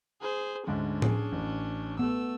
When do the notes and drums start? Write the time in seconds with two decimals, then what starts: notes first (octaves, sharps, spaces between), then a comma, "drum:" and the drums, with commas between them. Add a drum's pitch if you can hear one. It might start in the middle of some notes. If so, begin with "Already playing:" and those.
0.22 G#4 C5
0.67 D2 G#2 C#4 D4
1.02 G#4, drum: tom A2
1.32 A1
1.99 A3 B3 E6